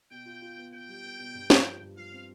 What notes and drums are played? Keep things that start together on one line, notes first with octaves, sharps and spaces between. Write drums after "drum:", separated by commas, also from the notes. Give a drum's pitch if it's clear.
B2 G5
F4
F4
B3
B3 G5
G3
B3
B2
G2
G2, drum: snare
F3
G2
F3 F5
C4